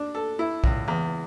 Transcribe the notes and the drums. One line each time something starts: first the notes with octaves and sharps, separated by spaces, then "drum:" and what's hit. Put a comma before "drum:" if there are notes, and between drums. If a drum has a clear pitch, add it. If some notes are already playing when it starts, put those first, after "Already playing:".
Already playing: D4
A4
E4
C#2, drum: kick
E2